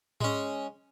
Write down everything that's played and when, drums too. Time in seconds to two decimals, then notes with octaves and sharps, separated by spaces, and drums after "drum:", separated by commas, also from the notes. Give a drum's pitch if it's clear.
0.21 G#3 C#4, drum: tom G#2